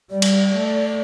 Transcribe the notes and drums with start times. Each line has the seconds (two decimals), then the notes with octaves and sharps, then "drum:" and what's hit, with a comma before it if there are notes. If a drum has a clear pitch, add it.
0.10 G3 D5
0.22 drum: cymbal
0.53 A3